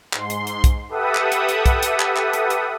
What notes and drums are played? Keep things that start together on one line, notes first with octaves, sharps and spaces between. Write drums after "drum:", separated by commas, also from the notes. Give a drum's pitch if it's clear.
G#2 C6, drum: clap
drum: hi-hat
drum: hi-hat
drum: kick, hi-hat
G4 A4 B4 E5 F#5 D#6
drum: clap
drum: hi-hat
drum: hi-hat
drum: kick, hi-hat
drum: hi-hat
drum: clap
drum: clap
drum: hi-hat
drum: hi-hat